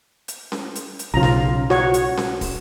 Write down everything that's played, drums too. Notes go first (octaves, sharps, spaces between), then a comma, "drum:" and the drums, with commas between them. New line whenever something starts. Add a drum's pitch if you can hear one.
drum: hi-hat
drum: snare C#4
drum: hi-hat
drum: hi-hat
B1 C#3 F4 A#5
drum: snare C#4
F#4 C#5 C#6, drum: snare C#4
drum: hi-hat
drum: snare C#4
drum: kick, open hi-hat